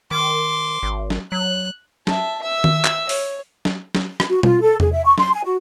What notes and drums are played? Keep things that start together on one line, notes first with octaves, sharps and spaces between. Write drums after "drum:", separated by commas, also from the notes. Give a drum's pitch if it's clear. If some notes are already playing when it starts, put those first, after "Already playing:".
D#3 C6 D6
G#1
drum: snare
F#3 F#6
E5 A5, drum: snare
E5 E6
drum: tom D#3
drum: clap
C#5, drum: open hi-hat
drum: snare
drum: snare
drum: rim click
F#4
F4, drum: tom B2
A4
G#4, drum: tom E2
E5
C#6
C6, drum: snare
G#5
F#4